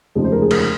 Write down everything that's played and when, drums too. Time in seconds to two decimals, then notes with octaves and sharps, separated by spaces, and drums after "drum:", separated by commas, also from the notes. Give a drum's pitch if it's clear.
0.15 F1 D#2 C#3 F3 G#3 G#4
0.24 C5
0.32 A#4
0.42 G#4
0.51 A#4, drum: cymbal